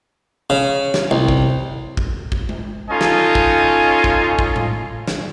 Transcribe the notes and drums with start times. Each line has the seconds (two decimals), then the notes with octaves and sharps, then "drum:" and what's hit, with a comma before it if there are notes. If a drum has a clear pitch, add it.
0.50 C#3
0.94 drum: snare
1.11 C2
1.28 drum: kick
1.97 drum: kick
2.32 drum: kick
2.49 drum: tom G#3
2.90 C#4 D#4 F4 A4 D#5 G#5
3.01 drum: snare
3.35 drum: kick
4.04 drum: kick
4.39 drum: kick
4.56 drum: tom A2
5.08 drum: snare